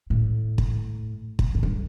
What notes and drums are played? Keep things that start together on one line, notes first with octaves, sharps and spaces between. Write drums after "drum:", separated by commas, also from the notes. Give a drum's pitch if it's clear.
A2
drum: kick
drum: kick
G#2
G2